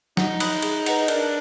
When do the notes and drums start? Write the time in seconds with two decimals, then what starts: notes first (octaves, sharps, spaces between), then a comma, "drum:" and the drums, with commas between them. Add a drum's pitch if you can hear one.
0.17 D#4 F#5, drum: snare
0.40 B5 D#6 F#6, drum: cymbal
0.62 G#4, drum: cymbal
0.86 B4 D#5 F#5 A#5, drum: cymbal
1.08 D4 A#4, drum: cymbal